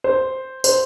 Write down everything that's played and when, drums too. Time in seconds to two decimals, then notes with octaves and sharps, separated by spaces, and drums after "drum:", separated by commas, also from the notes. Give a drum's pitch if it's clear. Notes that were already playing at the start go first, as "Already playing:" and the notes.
0.04 C5
0.64 C5, drum: tambourine